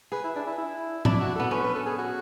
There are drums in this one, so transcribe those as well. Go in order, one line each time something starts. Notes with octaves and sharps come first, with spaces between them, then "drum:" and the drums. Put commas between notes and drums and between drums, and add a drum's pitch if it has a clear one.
G#4 B4
E4
D4
E4
E4
D4 E4, drum: tom A2
F#4
B3 A4
C#4 B4
B4
A4
G#4
F#4